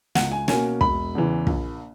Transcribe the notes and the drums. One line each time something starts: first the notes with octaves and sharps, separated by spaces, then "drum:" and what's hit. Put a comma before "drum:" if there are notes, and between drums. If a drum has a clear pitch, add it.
C#2 F#5, drum: snare
G#5
B2 A#3 C#4 G#5, drum: snare
E1 B5, drum: kick
E2 C#3 E3
A#1, drum: kick